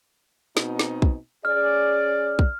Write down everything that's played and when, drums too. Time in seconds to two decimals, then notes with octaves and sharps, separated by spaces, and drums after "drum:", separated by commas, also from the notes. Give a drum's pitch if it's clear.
0.57 B2 C4 D#4, drum: snare
0.79 drum: snare
1.02 drum: kick
1.45 C#4 G#4 D5 F6
2.39 drum: kick